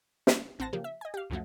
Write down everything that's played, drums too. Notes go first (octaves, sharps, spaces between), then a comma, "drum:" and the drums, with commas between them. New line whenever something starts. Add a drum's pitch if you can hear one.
drum: snare
A1 C4 C5 F#5 A5 A#6
C#3 F3 A#3 G4
E5
D#5 G#5
G4 F5
C#2 F#2 F3 F#3 A3